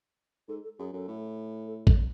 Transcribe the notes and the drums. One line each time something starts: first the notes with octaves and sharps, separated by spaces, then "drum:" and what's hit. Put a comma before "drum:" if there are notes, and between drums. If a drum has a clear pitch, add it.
G#2 A4
A4
F#2 G#4
F#2 A4
A2
A4
A4, drum: kick A1